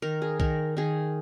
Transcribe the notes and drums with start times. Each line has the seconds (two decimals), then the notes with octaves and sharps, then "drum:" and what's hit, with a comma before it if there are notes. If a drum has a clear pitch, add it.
0.02 D#3 A#4
0.22 G#4
0.40 D#3 A#4, drum: kick B1
0.77 D#3 G#4